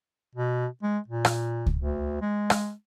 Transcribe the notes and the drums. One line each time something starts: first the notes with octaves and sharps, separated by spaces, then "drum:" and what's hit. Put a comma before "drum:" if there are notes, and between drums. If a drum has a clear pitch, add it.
B2
G#3
A#2
drum: rim click
drum: kick C#2
D2
G#3
drum: rim click